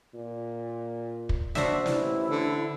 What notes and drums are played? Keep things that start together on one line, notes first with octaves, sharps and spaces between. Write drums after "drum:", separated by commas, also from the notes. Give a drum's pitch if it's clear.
A#2
drum: kick
D4 F#4 C5 E5, drum: snare
A1 E4, drum: snare
D3